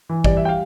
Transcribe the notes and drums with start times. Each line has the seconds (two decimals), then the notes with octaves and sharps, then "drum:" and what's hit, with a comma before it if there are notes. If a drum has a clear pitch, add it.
0.09 E3
0.24 G3 D5, drum: kick
0.37 E5
0.45 G5
0.49 F5